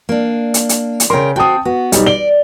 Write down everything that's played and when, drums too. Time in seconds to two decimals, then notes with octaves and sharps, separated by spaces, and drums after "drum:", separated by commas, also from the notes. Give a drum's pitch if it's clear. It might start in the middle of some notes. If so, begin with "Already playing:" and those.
0.09 A#3 D4
0.54 drum: hi-hat
0.69 drum: hi-hat
1.00 drum: hi-hat
1.10 C#3 A#4 G5 C6
1.36 C4 F#4 G5 A5 D#6
1.65 B3 F#4
1.92 B1 G3 D#4, drum: hi-hat
2.06 D5 G7